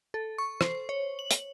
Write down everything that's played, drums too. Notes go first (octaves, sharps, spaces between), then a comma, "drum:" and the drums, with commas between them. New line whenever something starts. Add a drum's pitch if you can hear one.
A4
C#6
C5, drum: rim click
C#5
F#7
drum: hi-hat